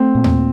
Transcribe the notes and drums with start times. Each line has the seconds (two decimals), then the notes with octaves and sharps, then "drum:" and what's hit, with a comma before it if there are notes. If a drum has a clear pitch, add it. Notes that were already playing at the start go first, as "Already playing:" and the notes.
Already playing: A3 C4
0.15 A#2
0.24 drum: tom D#2